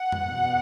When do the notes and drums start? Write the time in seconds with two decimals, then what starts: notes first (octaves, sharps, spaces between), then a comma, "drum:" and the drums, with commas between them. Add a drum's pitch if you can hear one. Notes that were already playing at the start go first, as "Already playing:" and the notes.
Already playing: F#5
0.12 drum: tom F2
0.25 E2 B2